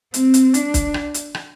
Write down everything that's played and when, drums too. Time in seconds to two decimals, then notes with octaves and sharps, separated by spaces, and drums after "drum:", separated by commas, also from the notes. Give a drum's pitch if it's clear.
0.14 C4, drum: hi-hat
0.34 drum: hi-hat
0.54 D4, drum: hi-hat
0.74 drum: kick, hi-hat
0.94 drum: rim click
1.14 drum: hi-hat
1.35 drum: rim click